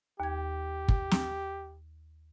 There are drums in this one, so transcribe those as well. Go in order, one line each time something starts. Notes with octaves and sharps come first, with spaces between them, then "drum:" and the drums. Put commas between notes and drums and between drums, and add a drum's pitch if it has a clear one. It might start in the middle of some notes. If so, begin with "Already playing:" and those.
D#2 G4 G#6
drum: kick
drum: snare